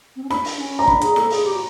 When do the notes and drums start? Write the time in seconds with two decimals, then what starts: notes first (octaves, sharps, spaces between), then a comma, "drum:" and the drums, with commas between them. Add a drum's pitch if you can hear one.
0.16 C4
0.24 C#4
0.30 D4 B5, drum: snare E4
0.45 drum: open hi-hat
0.59 C#4
0.79 A#5
0.87 D4 B5, drum: kick
1.01 G#4, drum: hi-hat
1.16 A4, drum: snare E4
1.30 G#4, drum: open hi-hat
1.45 G4
1.54 F#4